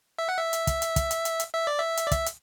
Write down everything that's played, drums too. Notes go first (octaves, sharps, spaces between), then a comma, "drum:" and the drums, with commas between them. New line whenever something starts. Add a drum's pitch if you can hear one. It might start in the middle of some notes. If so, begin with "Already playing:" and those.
E5
F#5
E5
drum: hi-hat
drum: kick, hi-hat
drum: hi-hat
drum: kick, hi-hat
drum: hi-hat
drum: hi-hat
drum: hi-hat
E5
D5
E5
drum: hi-hat
D5
E5, drum: kick, hi-hat
drum: hi-hat